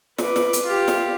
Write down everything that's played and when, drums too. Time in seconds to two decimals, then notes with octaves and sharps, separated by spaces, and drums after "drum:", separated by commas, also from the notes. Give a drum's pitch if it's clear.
0.18 B4 D6, drum: snare
0.36 drum: snare
0.53 drum: hi-hat
0.63 F4 G4
0.88 drum: snare